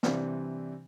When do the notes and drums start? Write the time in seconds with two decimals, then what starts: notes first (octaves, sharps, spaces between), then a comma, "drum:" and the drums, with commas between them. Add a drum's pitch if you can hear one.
0.03 C3 E3 G3 C4 D4, drum: snare